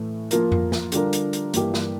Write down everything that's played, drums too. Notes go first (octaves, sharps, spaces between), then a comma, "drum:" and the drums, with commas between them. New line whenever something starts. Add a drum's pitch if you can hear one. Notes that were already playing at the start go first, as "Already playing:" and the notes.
Already playing: A2 E3 A3 E4
F3 A#3 F4 A#4, drum: hi-hat
drum: tom F2
drum: snare
D3 G3 D4 F4 A#4, drum: hi-hat
drum: hi-hat
drum: hi-hat
G2 E3 A#3 D4 G4, drum: hi-hat
drum: snare